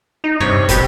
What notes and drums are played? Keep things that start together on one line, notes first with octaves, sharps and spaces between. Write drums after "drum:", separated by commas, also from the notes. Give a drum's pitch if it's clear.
D#4
G2 C3 C#5
B2 G4 B4, drum: kick, hi-hat